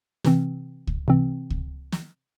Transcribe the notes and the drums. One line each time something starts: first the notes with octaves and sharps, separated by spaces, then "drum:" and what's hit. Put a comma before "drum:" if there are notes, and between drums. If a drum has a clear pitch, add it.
C3 E3 C4, drum: snare
drum: kick C#2
C3 E3 C4
drum: kick C#2
drum: snare